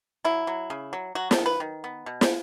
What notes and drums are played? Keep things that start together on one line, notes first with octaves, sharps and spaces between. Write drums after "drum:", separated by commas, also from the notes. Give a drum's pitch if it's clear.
F#3 E4
F#3
C#3
F#3
F#3 F#4
A4, drum: snare
D#3
B4
D#3
B3
B2
drum: snare